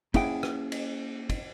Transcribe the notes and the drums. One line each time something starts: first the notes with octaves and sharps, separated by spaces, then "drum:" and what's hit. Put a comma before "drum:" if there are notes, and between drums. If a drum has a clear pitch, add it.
A#3 C#4 E4 G#4 F#5 G5, drum: kick, cymbal
drum: rim click
drum: cymbal
drum: kick, cymbal